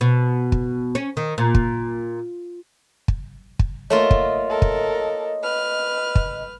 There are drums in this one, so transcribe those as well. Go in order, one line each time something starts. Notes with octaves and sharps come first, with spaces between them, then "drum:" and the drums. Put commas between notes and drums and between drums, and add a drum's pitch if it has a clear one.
B2
drum: kick
C#4
D#3
A#2
drum: kick
drum: kick
drum: kick
A3 A#3 F4 C#5 D#5
drum: kick
A4 A#4
drum: kick
B4 F6
drum: kick